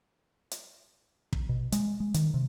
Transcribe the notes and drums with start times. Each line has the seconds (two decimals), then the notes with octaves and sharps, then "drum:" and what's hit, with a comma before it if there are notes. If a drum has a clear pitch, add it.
0.51 drum: hi-hat
1.33 drum: kick
1.49 B2
1.72 G#3, drum: hi-hat
2.00 G#3
2.14 D#3, drum: hi-hat
2.34 C3